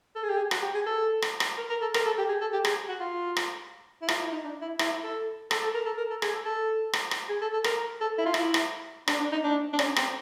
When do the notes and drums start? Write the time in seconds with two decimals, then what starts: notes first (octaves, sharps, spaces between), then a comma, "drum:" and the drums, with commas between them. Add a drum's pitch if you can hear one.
0.16 A4
0.23 G#4
0.30 G4
0.37 G#4
0.51 F#4, drum: rim click
0.63 G4
0.75 G#4
0.86 A4
1.22 drum: rim click
1.40 drum: rim click
1.57 A#4
1.70 A#4
1.81 A4
1.94 A#4, drum: rim click
2.06 A4
2.18 G4
2.29 G#4
2.41 A4
2.53 G4
2.65 G#4, drum: rim click
2.89 F#4
3.00 F4
3.37 drum: rim click
4.02 E4
4.09 F4, drum: rim click
4.19 E4
4.31 D#4
4.44 D4
4.62 E4
4.79 E4, drum: rim click
4.91 E4
5.03 A4
5.51 A4, drum: rim click
5.63 A4
5.75 A#4
5.86 A4
5.98 A#4
6.10 A4
6.22 G#4, drum: rim click
6.34 A4
6.45 A4
6.93 drum: rim click
7.11 drum: rim click
7.29 G#4
7.42 A4
7.53 A4
7.64 A#4, drum: rim click
8.01 A4
8.18 E4
8.26 F4
8.34 E4, drum: rim click
8.54 drum: rim click
9.08 D4, drum: rim click
9.20 D4
9.32 D#4
9.44 D4
9.73 D4
9.79 C#4, drum: rim click
9.96 C4, drum: rim click